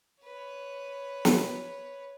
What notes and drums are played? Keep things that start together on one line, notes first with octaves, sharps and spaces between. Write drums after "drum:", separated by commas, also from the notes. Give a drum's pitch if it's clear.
B4 C#5
drum: snare